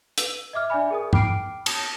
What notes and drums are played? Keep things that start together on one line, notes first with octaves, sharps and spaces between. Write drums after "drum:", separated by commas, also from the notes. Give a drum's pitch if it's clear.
B4 E6 D#7, drum: hi-hat
D#5 E5 D6 F6
D4 D5 E5 G#5 B5
G#4 A#4 D#6
G5 B5 D6 F6 C7 D7, drum: tom
A5 D#6, drum: cymbal